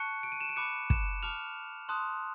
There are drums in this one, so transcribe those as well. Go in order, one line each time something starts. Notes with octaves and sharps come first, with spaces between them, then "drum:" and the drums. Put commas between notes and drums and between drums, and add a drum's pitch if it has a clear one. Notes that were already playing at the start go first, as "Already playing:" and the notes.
Already playing: A5 C#6 F#6 C#7
D7
D#7
E7
D7
B5 D6 F#6 C#7
E7, drum: kick
A5 D6 F6 F7
A5 C6 D#6 F#6